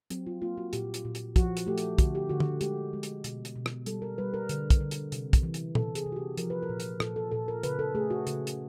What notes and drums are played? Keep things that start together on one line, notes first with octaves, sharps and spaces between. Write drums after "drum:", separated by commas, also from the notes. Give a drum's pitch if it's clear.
F#3 C4, drum: hi-hat
F4
A#3 F4
F#4
A#2 G4, drum: hi-hat
drum: hi-hat
A#2
drum: hi-hat
F3 F#4, drum: kick, hi-hat
drum: hi-hat
A3 G4
drum: hi-hat
D3 F#4, drum: kick, hi-hat
G4
D3 F#4
drum: tom
G#3 G4, drum: hi-hat
G#3
drum: hi-hat
B2, drum: hi-hat
drum: hi-hat
B2
drum: rim click
G3 A4, drum: hi-hat
A#4
G3 B4
A#4
D3, drum: hi-hat
drum: kick, hi-hat
D3
drum: hi-hat
C3, drum: hi-hat
drum: kick, hi-hat
E3
drum: hi-hat
C3 A4, drum: tom A#2
G#4, drum: hi-hat
C3
F#4
G4
F3 A#4, drum: hi-hat
B4
A#4
A#2
drum: hi-hat
A#2 A4, drum: rim click
A4
A#2 A4
A#4
C#3 B4, drum: hi-hat
A4
A3 G#4
F#4
C#3, drum: hi-hat
drum: hi-hat